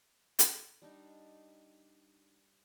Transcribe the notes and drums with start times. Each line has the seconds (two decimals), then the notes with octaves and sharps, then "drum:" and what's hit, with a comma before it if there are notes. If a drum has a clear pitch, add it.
0.39 drum: hi-hat
0.82 G3 D4 D#4